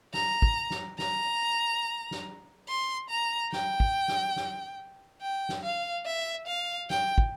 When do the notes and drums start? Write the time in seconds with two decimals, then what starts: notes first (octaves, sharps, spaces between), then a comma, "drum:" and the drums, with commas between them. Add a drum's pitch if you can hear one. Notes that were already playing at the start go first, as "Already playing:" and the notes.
0.14 A#5, drum: snare
0.42 drum: kick
0.70 drum: snare
0.99 A#5, drum: snare
2.11 drum: snare
2.68 C6
3.10 A#5
3.53 G5, drum: snare
3.80 drum: kick
4.08 drum: snare
4.36 drum: snare
5.21 G5
5.49 drum: snare
5.63 F5
6.05 E5
6.47 F5
6.90 G5, drum: snare
7.18 drum: kick